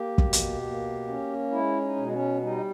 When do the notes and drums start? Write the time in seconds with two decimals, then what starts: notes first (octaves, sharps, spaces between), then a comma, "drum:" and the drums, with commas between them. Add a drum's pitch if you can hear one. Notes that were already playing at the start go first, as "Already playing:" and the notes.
Already playing: A#3 G4
0.18 B2, drum: kick
0.33 drum: hi-hat
0.63 A#3
1.07 C#4
1.51 G#3 E4
1.81 D#4
1.96 B2
2.11 C#4
2.41 G3 D#4